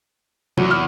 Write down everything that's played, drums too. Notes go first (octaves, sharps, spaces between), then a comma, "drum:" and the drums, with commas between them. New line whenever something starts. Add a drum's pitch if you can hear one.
E2 F#3, drum: tom C3
F6